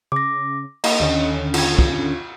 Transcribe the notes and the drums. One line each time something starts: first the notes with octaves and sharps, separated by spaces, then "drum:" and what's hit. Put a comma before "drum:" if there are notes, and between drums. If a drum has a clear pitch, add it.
C#3 D6 A#6
A#3 D#5 C6, drum: cymbal
D#2 D3 C#4
F4 G#6, drum: cymbal
drum: kick